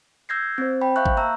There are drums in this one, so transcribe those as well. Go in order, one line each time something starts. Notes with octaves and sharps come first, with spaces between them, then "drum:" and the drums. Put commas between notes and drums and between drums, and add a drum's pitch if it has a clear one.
E6 G6 G#6 A#6 C7
C4 C5
C5 G5 B5
E5 F5 A5 C#6 F#6 G6
drum: kick G#1
A#3 E5 A#5 E6